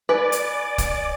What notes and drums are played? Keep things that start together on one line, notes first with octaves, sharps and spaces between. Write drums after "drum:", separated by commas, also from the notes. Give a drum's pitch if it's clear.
B4 D5 G#5 D6
drum: hi-hat
drum: kick, hi-hat